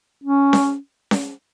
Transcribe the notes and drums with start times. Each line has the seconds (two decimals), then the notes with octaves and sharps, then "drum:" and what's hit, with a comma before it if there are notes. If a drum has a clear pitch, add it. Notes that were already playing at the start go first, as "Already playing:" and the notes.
0.24 C#4
0.53 drum: snare C#4
1.11 drum: snare C#4